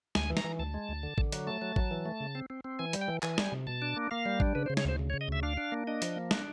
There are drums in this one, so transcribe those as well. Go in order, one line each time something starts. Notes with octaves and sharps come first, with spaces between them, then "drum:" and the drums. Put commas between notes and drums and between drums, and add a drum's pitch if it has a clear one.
D2 G#5, drum: snare
E3
A#5, drum: snare
E3
D2 A5
G#3
D2
D3
D3, drum: kick G#1
F#3, drum: hi-hat
A3 A5
F#3
F#3, drum: kick G#1
E3
A3
C#3
C4
C4
C4
E3 G#5
G3, drum: hi-hat
G5
E3
E3 G#5, drum: clap
G3, drum: snare
C3
B2 A5
D4
A#3
A#3 F5
G3
D4, drum: kick G#1
C#3 B4
C5
C#3
C#5, drum: snare
D2 C5
C#3
C#5
C#3
D#5
D2 E5
D4 F5
D4
A#3
D4 D#5
F3, drum: hi-hat
A#3
D4, drum: snare